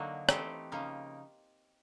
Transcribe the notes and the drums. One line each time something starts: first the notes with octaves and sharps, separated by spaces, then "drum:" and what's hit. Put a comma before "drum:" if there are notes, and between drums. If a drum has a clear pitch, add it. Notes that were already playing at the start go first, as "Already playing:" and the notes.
Already playing: D3 F#3 A#3 D#4 F#4
E3 A3 C4 D#4 G4, drum: rim click
C#3 F3 A#3 D#4